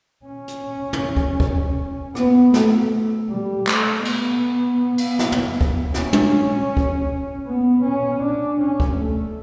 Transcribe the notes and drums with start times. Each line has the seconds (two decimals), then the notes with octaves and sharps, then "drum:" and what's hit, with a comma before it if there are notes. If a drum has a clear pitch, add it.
0.25 C#4
0.48 drum: hi-hat
0.93 drum: tom
1.16 drum: kick
1.40 drum: kick
2.15 B3, drum: rim click
2.54 A3, drum: snare
3.29 G3
3.67 A3, drum: clap
4.05 B3, drum: cymbal
4.98 drum: cymbal
5.19 drum: snare
5.32 drum: tom
5.61 drum: kick
5.94 C#4, drum: snare
6.13 drum: tom
6.77 drum: kick
7.47 B3
7.84 C#4
8.22 D4
8.60 C#4
8.80 drum: kick
8.97 A3